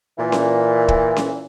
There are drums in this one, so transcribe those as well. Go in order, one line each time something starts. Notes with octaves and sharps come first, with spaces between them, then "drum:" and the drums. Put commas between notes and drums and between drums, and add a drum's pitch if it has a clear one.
A#2 E3
drum: snare C#4
drum: kick
drum: snare C#4